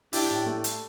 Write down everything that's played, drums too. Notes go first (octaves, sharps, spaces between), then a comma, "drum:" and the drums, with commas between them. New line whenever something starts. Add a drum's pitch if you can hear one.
D4 E4 G4, drum: open hi-hat
A2
A3
drum: hi-hat